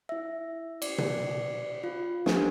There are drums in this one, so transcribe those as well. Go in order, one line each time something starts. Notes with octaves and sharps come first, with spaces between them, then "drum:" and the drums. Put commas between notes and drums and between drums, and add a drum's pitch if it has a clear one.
E4 E5
D5, drum: cymbal
drum: tom B2
F4
D4 G4 A#4 C5 G#5, drum: snare